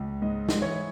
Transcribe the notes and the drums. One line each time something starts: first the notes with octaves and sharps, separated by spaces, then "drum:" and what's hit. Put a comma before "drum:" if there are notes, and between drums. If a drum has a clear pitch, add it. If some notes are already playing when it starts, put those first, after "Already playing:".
Already playing: C#2
G#2 D#5
drum: snare
E3 C#5